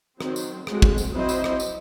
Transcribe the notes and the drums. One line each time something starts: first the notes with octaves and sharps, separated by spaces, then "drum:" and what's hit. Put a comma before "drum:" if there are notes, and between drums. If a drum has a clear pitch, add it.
D#3 F#3 C4, drum: rim click
drum: tambourine
G#3 C4 F#4 A4, drum: rim click
drum: kick
drum: tambourine
F#3 C4 E4 C5 D#5
drum: tambourine
drum: rim click
drum: tambourine